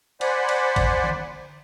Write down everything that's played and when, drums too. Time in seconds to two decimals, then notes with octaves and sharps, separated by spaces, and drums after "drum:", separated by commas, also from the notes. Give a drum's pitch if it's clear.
0.21 C5 D5 F#5 G#5 B5, drum: cymbal
0.49 drum: cymbal
0.76 drum: kick, cymbal
1.04 drum: tom D3